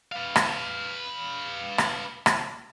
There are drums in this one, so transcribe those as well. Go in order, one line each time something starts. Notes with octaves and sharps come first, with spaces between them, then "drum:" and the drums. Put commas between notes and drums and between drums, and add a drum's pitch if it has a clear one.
B4 F5
drum: rim click
drum: rim click
drum: rim click